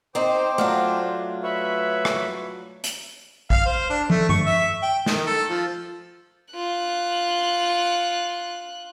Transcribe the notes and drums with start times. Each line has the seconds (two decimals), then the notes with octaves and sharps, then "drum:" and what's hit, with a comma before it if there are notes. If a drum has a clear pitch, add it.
0.15 C4 D#4 C5 G5 D6
0.58 F#3 A3 D4 F4 F6
1.43 B4 C#5 E5
2.05 drum: rim click
2.84 drum: hi-hat
3.50 F5, drum: kick A1
3.66 C5
3.90 D4
4.10 A3, drum: tom
4.29 C#6, drum: tom G2
4.46 E5
4.82 G5
5.06 D#3, drum: snare
5.26 A4
5.49 F3
6.54 F4 F#6